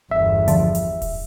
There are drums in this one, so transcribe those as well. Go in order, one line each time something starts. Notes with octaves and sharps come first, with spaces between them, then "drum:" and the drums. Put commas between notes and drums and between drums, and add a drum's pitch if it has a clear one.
G1 E2 E5
D3 F3, drum: hi-hat
drum: hi-hat
drum: kick D#1, open hi-hat